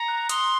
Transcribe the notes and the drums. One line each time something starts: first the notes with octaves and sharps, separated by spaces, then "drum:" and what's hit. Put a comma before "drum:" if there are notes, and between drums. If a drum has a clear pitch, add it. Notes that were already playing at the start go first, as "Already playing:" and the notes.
Already playing: A#5 C#7
F#6
C6 D#6, drum: hi-hat